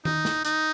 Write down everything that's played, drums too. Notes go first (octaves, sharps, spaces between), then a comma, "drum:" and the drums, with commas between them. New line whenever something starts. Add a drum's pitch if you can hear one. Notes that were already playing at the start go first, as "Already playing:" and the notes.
D#4, drum: tom D#3
drum: snare
D#4, drum: hi-hat